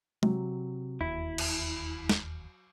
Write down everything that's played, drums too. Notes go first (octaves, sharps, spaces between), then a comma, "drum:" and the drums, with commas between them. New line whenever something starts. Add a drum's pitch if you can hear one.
C3 F#3, drum: tom G#3
E1 D#2 E4
drum: cymbal
drum: snare